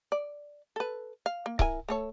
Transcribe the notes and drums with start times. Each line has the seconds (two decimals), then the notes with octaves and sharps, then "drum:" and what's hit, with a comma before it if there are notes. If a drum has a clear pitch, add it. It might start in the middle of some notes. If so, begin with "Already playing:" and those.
0.12 D5
0.76 A4 B4
1.26 F5
1.46 A#3
1.59 E4 A#4 G#5, drum: kick C#1
1.89 A3 A4 C#5